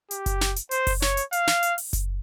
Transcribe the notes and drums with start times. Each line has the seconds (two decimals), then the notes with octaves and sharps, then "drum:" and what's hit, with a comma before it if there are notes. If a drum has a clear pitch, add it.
0.11 G4, drum: hi-hat
0.26 drum: kick F#1, hi-hat
0.41 drum: snare
0.56 drum: hi-hat
0.71 C5, drum: hi-hat
0.87 drum: kick F#1, open hi-hat
1.02 C#5, drum: snare
1.17 drum: hi-hat
1.33 F5, drum: hi-hat
1.47 drum: snare
1.63 drum: hi-hat
1.78 drum: open hi-hat
1.93 drum: kick F#1, hi-hat